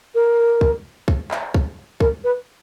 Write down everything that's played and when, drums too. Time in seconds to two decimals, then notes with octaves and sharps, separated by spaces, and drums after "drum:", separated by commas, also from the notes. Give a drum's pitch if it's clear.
0.15 A#4
0.61 drum: kick
1.08 drum: kick
1.31 drum: clap
1.54 drum: kick
2.00 A#4, drum: kick
2.24 B4